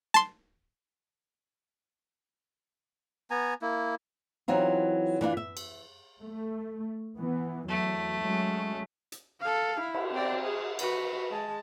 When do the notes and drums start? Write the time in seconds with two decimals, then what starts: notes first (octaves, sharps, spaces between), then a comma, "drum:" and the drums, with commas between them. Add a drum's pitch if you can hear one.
0.14 A5 C6, drum: snare
3.31 B3 G#5 A#5
3.62 A#3 E4
4.48 E3 F#3 C4 D#4 F4
5.21 E3 D4 D#4 F4, drum: tom F#2
5.37 E5
5.57 drum: cymbal
6.22 A3
7.18 E3 B3
7.69 E2 F#3 A3
8.21 F#3 G#3 C#4
9.12 drum: hi-hat
9.41 A4 F5
9.81 E4
9.94 drum: cymbal
10.14 C4 D5
10.45 G#4
10.79 F#4 B4, drum: cymbal
11.30 G#3 A5